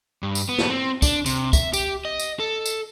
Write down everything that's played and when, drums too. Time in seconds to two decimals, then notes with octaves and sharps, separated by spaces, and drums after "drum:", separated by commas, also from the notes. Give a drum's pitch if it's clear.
0.23 G2
0.35 drum: tambourine
0.49 B3
0.58 drum: snare
0.70 C4
1.02 D4, drum: kick, tambourine
1.26 C3, drum: tambourine
1.53 E5, drum: kick, tambourine
1.73 G4, drum: tambourine
2.05 D#5
2.19 drum: tambourine
2.40 A4
2.66 drum: tambourine